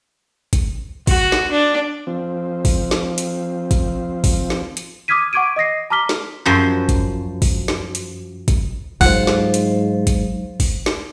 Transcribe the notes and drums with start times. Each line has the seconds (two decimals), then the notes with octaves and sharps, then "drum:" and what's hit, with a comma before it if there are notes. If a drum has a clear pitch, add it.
0.53 drum: kick, hi-hat
1.07 F#4, drum: kick, open hi-hat
1.32 drum: snare
1.51 D4
2.07 F3 C4
2.65 drum: kick, open hi-hat
2.91 drum: snare
3.18 drum: hi-hat
3.71 drum: kick, hi-hat
4.24 drum: kick, open hi-hat
4.50 drum: snare
4.77 drum: hi-hat
5.08 D6 D#6 F6 G#6 B6 D#7
5.33 F#5 C#6 D6 G#6 D7 D#7
5.56 D#5 D#6 A#6 C7
5.90 A5 A#5 D6 F6 B6 G7
6.09 drum: snare
6.46 F#2 F3 C5
6.89 drum: kick, hi-hat
7.42 drum: kick, open hi-hat
7.68 drum: snare
7.95 drum: hi-hat
8.48 drum: kick, hi-hat
9.01 G#2 F#3 F4 C5 F#5, drum: kick, open hi-hat
9.27 drum: snare
9.54 drum: hi-hat
10.07 drum: kick, hi-hat
10.60 drum: kick, open hi-hat
10.86 drum: snare